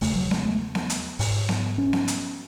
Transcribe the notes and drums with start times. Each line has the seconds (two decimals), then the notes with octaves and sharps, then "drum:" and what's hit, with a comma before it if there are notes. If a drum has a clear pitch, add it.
0.01 E2 C#3 A3, drum: open hi-hat
0.16 F#3
0.31 G#3, drum: snare B3
0.45 A3
0.75 drum: snare B3
0.90 drum: hi-hat
1.19 G#2, drum: open hi-hat
1.49 drum: snare B3
1.78 C#4
1.93 drum: snare B3
2.08 drum: hi-hat